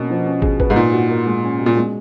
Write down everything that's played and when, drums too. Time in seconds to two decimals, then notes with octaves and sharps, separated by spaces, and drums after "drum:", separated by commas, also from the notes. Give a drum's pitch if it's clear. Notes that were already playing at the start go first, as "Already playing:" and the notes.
Already playing: B2 A#3 C#4
0.10 F3
0.26 C#4
0.42 G#4, drum: kick
0.60 B4, drum: kick
0.70 G#2
0.76 A#2 D#4
0.93 F#4
1.09 A#4
1.26 G#3
1.43 C#4
1.59 B2
1.66 A#2
1.76 G#3